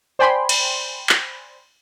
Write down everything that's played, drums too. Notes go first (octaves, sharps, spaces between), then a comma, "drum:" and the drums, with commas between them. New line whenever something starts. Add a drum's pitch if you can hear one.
C5 D5 G5 G#5 B5 C6
drum: cymbal
drum: clap